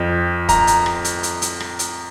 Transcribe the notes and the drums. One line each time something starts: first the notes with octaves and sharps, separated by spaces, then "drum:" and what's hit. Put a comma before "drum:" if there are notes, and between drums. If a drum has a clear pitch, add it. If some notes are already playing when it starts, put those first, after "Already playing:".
Already playing: F2 F3
A#5, drum: kick, hi-hat
drum: hi-hat
drum: rim click
drum: hi-hat
drum: hi-hat
drum: hi-hat
drum: rim click
drum: hi-hat